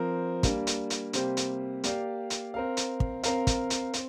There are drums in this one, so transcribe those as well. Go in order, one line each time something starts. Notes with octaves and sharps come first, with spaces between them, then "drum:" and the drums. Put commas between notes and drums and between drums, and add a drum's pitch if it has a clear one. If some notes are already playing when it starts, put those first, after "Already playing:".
Already playing: F3 C4 A#4
G3 A#3 D4, drum: kick, hi-hat
drum: hi-hat
drum: hi-hat
C3 G3 A#3 G4 C5, drum: hi-hat
drum: hi-hat
A#3 G4 D5 F5, drum: hi-hat
drum: hi-hat
C4 A#4 F5
drum: hi-hat
drum: kick
C4 A#4 F5, drum: hi-hat
drum: kick, hi-hat
drum: hi-hat
C4, drum: hi-hat